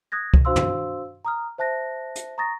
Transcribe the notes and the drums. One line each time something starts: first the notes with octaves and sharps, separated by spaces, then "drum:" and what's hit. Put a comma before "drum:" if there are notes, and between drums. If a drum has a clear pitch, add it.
D#6 F#6 G#6 A#6
drum: kick C#2
D4 F#4 C5 F5 C6 E6
drum: tom
A#5 D#6 F6
C5 E5 A5 F#6 A#6
drum: hi-hat
A#5 C#6 D#6 A6 A#6